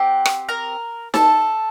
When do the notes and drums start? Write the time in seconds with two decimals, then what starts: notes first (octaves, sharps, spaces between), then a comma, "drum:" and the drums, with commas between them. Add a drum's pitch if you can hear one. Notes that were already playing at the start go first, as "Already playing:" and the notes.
Already playing: C4 G4 F#5
0.26 drum: rim click
0.49 A#4 A#5
1.14 A4 A5, drum: snare D#4